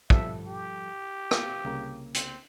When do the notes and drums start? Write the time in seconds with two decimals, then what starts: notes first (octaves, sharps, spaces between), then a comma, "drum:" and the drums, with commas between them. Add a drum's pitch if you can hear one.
0.10 F3 G3 A4 E5, drum: kick
0.46 G4
1.31 F5, drum: rim click
1.65 C2 C#3 A#3
2.14 C4, drum: hi-hat